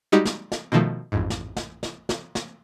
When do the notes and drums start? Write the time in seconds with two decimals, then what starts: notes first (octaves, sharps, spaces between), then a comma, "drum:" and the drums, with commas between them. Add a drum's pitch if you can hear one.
0.12 G3 G#3 D#4 F#4 G4
0.25 drum: snare
0.52 drum: snare
0.72 B2 D#3 F3 A3
1.12 A1 F2 G#2
1.30 drum: snare
1.57 drum: snare
1.83 drum: snare
2.09 drum: snare
2.35 drum: snare